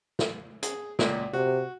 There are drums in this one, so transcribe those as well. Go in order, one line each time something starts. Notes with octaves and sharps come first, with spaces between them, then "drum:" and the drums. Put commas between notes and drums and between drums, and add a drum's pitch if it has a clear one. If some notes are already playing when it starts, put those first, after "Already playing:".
drum: snare
G#4, drum: hi-hat
C#2 A#2, drum: snare
C3 F#4